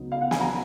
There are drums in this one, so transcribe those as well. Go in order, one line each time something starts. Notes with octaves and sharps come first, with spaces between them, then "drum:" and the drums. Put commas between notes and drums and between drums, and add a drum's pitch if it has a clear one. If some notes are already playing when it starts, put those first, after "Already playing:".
Already playing: C#2 C#3 F#3 B3 D#4
F5
F#5
G#5, drum: snare
A#5